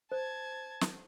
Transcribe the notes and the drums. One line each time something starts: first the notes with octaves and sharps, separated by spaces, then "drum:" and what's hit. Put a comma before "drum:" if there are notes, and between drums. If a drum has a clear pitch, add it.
C5 A5 G#6
drum: snare